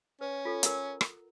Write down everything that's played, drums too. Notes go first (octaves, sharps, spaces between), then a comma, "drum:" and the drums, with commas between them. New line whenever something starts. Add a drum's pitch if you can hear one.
C#4 B4
F4 A4
A#4 F#5 A#5, drum: hi-hat
drum: rim click